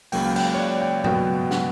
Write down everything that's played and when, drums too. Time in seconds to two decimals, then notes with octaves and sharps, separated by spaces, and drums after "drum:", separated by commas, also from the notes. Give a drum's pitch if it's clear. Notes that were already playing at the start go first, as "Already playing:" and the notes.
0.12 C#2 C#3 F#3 A#3 G5, drum: open hi-hat
0.36 G5, drum: cymbal
0.54 C#5
0.58 D5
0.82 G5
1.04 C#2 B2 F#3 B3 G5, drum: tom
1.51 F#5, drum: snare